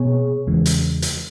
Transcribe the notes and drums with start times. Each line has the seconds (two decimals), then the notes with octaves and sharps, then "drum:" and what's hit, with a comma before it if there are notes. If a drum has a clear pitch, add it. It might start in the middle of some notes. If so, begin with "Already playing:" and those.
Already playing: B2 B3 G#4 C#5
0.47 E2 C#3 E3 G#3
0.66 drum: hi-hat
1.02 drum: hi-hat